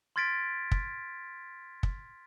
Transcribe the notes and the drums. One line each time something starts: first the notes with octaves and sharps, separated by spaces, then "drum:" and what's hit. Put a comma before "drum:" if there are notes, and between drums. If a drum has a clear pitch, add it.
C6 F6 G#6 A6 B6 D7
drum: kick
drum: kick